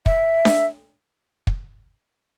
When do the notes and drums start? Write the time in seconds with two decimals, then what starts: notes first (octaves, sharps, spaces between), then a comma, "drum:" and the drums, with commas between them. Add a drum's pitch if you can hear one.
0.06 E5, drum: kick
0.45 drum: snare D4
1.47 drum: kick